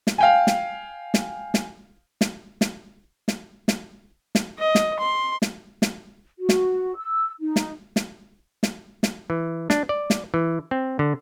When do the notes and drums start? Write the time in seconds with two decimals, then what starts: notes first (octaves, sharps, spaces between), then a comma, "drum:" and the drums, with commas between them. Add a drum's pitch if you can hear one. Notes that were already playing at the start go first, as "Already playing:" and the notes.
0.07 drum: snare
0.18 F5 G5 G#5
0.47 drum: snare
1.14 drum: snare
1.54 drum: snare
2.21 drum: snare
2.61 drum: snare
3.28 drum: snare
3.68 drum: snare
4.35 drum: snare
4.59 D#5
4.75 drum: snare
4.99 C6
5.42 drum: snare
5.82 drum: snare
6.38 F#4
6.49 drum: snare
6.97 E6
7.40 D#4
7.56 drum: snare
7.96 drum: snare
8.63 drum: snare
9.03 drum: snare
9.30 E3
9.70 D4, drum: snare
9.89 D5
10.10 drum: snare
10.34 E3
10.71 C4
10.99 D3